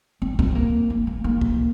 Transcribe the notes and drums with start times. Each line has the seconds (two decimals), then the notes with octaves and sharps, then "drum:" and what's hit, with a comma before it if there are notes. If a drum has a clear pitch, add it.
0.22 C4
0.39 C4, drum: kick
0.55 A#3
0.90 A#3
1.07 A#3
1.24 A#3
1.41 drum: kick